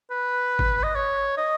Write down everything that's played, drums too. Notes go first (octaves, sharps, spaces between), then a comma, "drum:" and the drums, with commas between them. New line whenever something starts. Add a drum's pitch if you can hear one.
B4
drum: kick
D#5
C#5
D#5